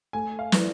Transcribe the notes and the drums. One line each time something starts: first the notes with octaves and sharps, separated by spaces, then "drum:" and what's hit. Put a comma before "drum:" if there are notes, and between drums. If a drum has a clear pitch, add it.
A3 G#5
F5
E4 B4 D5, drum: snare